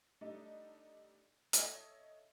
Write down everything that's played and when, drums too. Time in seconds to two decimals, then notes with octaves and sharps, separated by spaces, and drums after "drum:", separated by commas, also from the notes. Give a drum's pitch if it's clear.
0.21 G3 A3 D4 D#4
1.53 A4 C#5 D#5 E5, drum: hi-hat